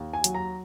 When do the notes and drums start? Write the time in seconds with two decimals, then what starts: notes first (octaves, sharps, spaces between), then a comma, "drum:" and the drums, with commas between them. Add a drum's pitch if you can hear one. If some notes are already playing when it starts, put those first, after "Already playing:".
Already playing: D#2
0.13 G#5
0.24 F#3, drum: hi-hat
0.35 A#5